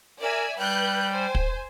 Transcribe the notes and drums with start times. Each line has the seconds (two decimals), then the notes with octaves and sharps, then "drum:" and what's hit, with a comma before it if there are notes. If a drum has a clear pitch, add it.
0.21 A#4 D5 E5 G#5
0.58 G3 B4 G5 F#6 G6
1.12 C5 G#5
1.35 drum: kick